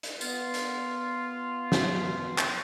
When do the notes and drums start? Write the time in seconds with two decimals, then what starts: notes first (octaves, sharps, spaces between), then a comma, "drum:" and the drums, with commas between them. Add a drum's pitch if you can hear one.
0.03 drum: hi-hat
0.21 B3 F4, drum: tambourine
0.54 drum: hi-hat
1.72 drum: snare
2.38 drum: clap